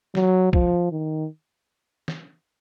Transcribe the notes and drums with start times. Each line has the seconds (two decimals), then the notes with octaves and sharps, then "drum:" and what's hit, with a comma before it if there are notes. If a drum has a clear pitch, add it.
0.15 F#3, drum: snare
0.53 F3, drum: kick
0.92 D#3
2.08 drum: snare